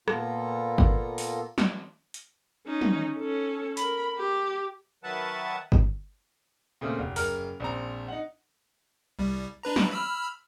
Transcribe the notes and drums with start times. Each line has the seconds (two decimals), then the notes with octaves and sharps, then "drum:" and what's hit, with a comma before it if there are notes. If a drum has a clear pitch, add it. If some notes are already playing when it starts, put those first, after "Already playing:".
0.08 A#2 A#3 B3 F4 A4 A#5, drum: rim click
0.78 drum: kick G1
1.18 drum: open hi-hat
1.58 drum: snare
2.14 drum: hi-hat
2.66 C#4 D#4
2.81 drum: tom
3.17 C#4 A4
3.77 A#4 B5, drum: hi-hat
4.17 G4
5.04 D#3 F#3 B4 E5 F#5 A5
5.72 drum: kick G1
6.81 A#2 C#3 A3 C4
6.99 F1
7.16 F#1 A#4 F6, drum: open hi-hat
7.60 A#1 C4 A#5
8.08 D#4 F#5
9.19 C2 G3
9.63 D4 B4 A#5
9.76 drum: snare
9.91 B5 E6 F6